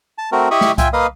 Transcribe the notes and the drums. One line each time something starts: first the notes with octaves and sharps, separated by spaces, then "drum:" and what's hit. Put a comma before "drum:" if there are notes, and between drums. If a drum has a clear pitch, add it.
A5
A3 C4 F#4 A#4
E4 G4 D#5 B5 C#6 D#6
drum: snare
F4 E5 G5 G#5, drum: kick C2, hi-hat
A#3 B4 D#5 F5 D#6